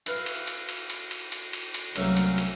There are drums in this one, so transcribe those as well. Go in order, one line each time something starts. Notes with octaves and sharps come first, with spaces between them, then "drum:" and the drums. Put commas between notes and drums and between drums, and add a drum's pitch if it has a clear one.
E4 B4 F5, drum: cymbal
drum: cymbal
drum: cymbal
drum: cymbal
drum: cymbal
drum: cymbal
drum: cymbal
drum: cymbal
drum: cymbal
C2 C#3 F#3 A3 A#3 E5, drum: cymbal
drum: cymbal
drum: cymbal